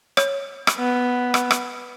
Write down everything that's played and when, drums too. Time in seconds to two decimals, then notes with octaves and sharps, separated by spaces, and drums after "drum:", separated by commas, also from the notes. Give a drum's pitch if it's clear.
0.17 C#5, drum: rim click
0.67 drum: rim click
0.78 B3
1.34 drum: rim click
1.51 drum: rim click